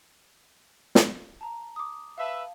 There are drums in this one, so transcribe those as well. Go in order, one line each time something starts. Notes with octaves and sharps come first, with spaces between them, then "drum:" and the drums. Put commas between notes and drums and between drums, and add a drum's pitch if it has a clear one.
drum: snare
A5 A#5
D6 D#6
B4 E5 F5 A5